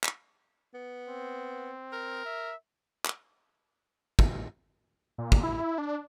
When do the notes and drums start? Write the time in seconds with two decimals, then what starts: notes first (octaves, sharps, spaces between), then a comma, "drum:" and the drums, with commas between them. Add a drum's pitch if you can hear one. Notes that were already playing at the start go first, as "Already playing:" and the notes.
0.04 drum: clap
0.74 B3
1.08 C4
1.92 A#4
2.25 E5
3.06 drum: clap
4.19 drum: kick
5.18 A#2
5.32 drum: kick
5.43 E4
5.78 D4